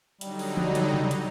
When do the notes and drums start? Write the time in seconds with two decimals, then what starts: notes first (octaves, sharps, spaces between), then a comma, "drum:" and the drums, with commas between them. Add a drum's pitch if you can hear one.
0.21 D3 F#3 G3 D#4, drum: hi-hat
0.39 drum: open hi-hat
0.57 drum: tom
0.75 drum: hi-hat
0.93 drum: tom C3
1.11 drum: hi-hat